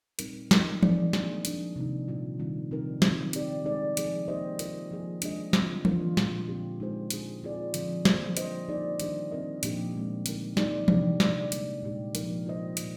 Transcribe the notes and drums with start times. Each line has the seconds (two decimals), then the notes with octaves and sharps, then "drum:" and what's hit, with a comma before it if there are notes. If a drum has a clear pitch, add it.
0.19 A#2 G3 C4 D#4 A#4, drum: hi-hat
0.51 G#3 D#4 A#4 D#5, drum: snare
0.83 F3 C4 D#4 G#4 D5, drum: tom E3
1.13 D#3 G3 A#3 D4 G#4, drum: snare
1.45 F3 A#3 D4, drum: hi-hat
1.76 C3 D#3 A#3 D#4
2.08 A#2 G3 C4 F4
2.39 D#3 G3 C4 F4
2.71 C3 F3 C4 D#4 A#4
3.02 D#3 G3 C4 D#4, drum: snare
3.33 C4 D#4 G4 D5, drum: hi-hat
3.64 G#3 D#4 G#4 D5
3.97 F3 C4 D#4 G#4, drum: hi-hat
4.28 A#3 D#4 G4 C5 D#5
4.59 A#3 F4 A#4, drum: hi-hat
4.91 F3 A#3 F4 G#4
5.22 G#3 D4 G#4 D#5, drum: hi-hat
5.53 D3 F3 C4 F4, drum: snare
5.85 A#3 D4 F4 A#4, drum: tom E3
6.17 A#2 F3 G#3, drum: snare
6.48 D3 F3 C4 G4
6.80 G#3 D#4 G#4 C5
7.10 G#3 D4 G#4, drum: hi-hat
7.43 C4 F4 G#4 D5
7.74 D3 F3 C4, drum: hi-hat
8.05 A#3 F4 G#4 C5, drum: snare
8.37 G3 D4 F4 C5 D#5, drum: hi-hat
8.68 A#3 D#4 G#4 D5
9.00 D#3 G3 D4 G4, drum: hi-hat
9.31 C4 D#4 A#4 D#5
9.63 A#2 F3 A#3 D4 G4, drum: hi-hat
9.94 A#2 G#3 C4
10.26 D3 G3 C4 D#4 A#4, drum: hi-hat
10.57 A#3 D#4 G#4 D5, drum: snare
10.88 C3 G3 D4 G4, drum: tom E3
11.20 G#3 D#4 G#4 D5, drum: snare
11.52 D3 G3 A#3, drum: hi-hat
11.82 A#2 G#3 D#4 G4
12.15 F3 A#3 D#4 A#4, drum: hi-hat
12.46 A#3 F4 C5 D#5
12.77 A#2 F3 A#3, drum: hi-hat